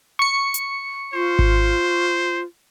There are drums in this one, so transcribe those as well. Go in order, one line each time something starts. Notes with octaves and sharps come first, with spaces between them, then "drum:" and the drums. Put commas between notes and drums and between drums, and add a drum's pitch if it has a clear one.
C#6 C#7
drum: hi-hat
F4 C5
drum: kick G#1